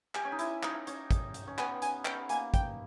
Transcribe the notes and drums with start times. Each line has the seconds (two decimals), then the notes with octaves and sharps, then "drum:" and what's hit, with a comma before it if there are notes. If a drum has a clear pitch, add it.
0.15 G4 G#5, drum: clap
0.25 C#4
0.32 D#4
0.39 E4, drum: hi-hat
0.63 D#4, drum: clap
0.87 C#4, drum: hi-hat
1.11 drum: kick, hi-hat
1.34 drum: hi-hat
1.47 C#4
1.58 B3 G#5, drum: clap
1.82 G#5, drum: hi-hat
2.05 G5, drum: clap
2.29 A#3 G#5, drum: hi-hat
2.54 G5, drum: kick, hi-hat